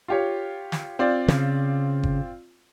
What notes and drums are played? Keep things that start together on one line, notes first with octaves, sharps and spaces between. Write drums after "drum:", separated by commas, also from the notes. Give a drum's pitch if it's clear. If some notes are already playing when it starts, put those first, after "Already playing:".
F4 G4 C#5
drum: snare
C4 F4 D5
C#3, drum: snare
drum: kick F#1